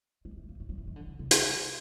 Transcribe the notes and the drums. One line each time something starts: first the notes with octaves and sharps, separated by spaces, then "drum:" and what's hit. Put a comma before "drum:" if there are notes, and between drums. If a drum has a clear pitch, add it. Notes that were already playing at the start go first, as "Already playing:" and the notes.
G#3
A3
A#3
A3
F#3
E3
D#3
D3
C#3
C3
drum: hi-hat